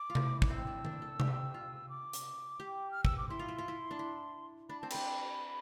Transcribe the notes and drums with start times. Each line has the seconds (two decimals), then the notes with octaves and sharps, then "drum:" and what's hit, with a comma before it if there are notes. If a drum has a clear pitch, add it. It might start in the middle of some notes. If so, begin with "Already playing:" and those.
Already playing: D6
0.10 F4
0.15 E4, drum: tom C3
0.42 D6, drum: kick
0.50 C4 E6
0.67 D4
0.85 D4, drum: tom D#3
1.02 A4
1.20 G4, drum: tom C3
1.54 F4
1.89 D6
2.13 drum: hi-hat
2.60 G4
2.91 F6
3.05 E6, drum: kick
3.18 D6
3.29 E4 C6
3.39 F4
3.48 E4
3.58 F4
3.68 E4
3.91 D4
3.99 E4
4.69 D4 B5
4.81 C4 A5
4.90 D4 B5, drum: cymbal